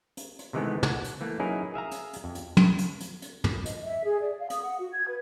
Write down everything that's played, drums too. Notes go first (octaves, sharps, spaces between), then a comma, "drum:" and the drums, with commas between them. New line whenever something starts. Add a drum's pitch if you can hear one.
drum: hi-hat
drum: hi-hat
C3 D#3 E3 G#3 A3 B3
F#5, drum: tom
drum: hi-hat
E3 A3 A#3
F#3 C#4 D#4 E4 G#4 A#4
G#4 E5 F5 A#5
drum: hi-hat
drum: hi-hat
F2
drum: hi-hat
drum: tom
drum: hi-hat
drum: hi-hat
drum: hi-hat
drum: tom
D#5, drum: hi-hat
E5
G#4
D5
F5
D#6, drum: hi-hat
F#5
F#4
G#6
B4